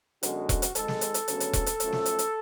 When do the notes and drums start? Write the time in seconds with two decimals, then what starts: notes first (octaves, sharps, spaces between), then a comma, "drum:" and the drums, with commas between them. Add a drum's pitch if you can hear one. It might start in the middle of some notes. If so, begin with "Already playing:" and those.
0.23 F#2 D3 G#3 B3 F#4, drum: hi-hat
0.49 drum: kick E1, hi-hat
0.62 drum: hi-hat
0.75 G#1 G#2 G#3 A4, drum: hi-hat
0.88 drum: snare
1.01 drum: hi-hat
1.14 drum: hi-hat
1.28 D2 C#3 F#3 B3, drum: hi-hat
1.40 drum: hi-hat
1.53 drum: kick E1, hi-hat
1.66 drum: hi-hat
1.80 F#2 F3 A3, drum: hi-hat
1.93 drum: snare
2.06 drum: hi-hat
2.19 drum: hi-hat